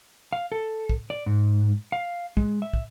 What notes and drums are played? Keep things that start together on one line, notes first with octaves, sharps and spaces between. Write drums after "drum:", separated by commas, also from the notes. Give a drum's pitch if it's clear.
F5
A4
drum: kick
D5
G#2
F5
G#3, drum: kick
E5
drum: kick